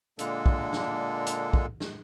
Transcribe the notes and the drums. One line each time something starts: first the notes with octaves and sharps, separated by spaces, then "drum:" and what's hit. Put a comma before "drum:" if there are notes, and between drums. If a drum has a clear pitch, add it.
A#2 D3 G#3 A#3 D4 A4, drum: hi-hat
drum: kick
drum: snare
drum: hi-hat
drum: kick
drum: snare